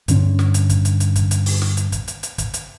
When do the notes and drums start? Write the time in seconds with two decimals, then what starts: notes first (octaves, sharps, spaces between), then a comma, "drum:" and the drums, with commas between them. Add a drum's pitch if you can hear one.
0.08 G2 D3 C#4, drum: hi-hat
0.39 drum: snare
0.54 drum: hi-hat
0.69 drum: kick, hi-hat
0.85 drum: hi-hat
1.00 drum: hi-hat
1.16 drum: kick, hi-hat
1.31 drum: hi-hat
1.46 drum: open hi-hat
1.62 drum: snare
1.77 drum: hi-hat
1.92 drum: kick, hi-hat
2.08 drum: hi-hat
2.23 drum: hi-hat
2.38 drum: kick, hi-hat
2.54 drum: hi-hat